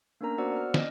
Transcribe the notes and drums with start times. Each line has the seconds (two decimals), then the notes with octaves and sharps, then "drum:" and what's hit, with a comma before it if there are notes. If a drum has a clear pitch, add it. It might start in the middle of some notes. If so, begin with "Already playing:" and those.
0.21 A#3 B3 C#4 D4 A#4 A#5
0.38 B3 F#4 C5 D5 F#5 E6
0.52 D5 F6
0.74 C#4 D#5, drum: snare